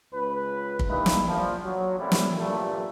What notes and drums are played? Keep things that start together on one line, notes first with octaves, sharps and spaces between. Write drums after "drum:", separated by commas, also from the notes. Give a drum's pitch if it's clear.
C#2 B4
drum: kick
G2 A#3 D#4 E4 B4
drum: snare
A#1 F3
F#3
F#2 A2 C3 E3 G3 E4
drum: snare
G2 A#2 G3 A3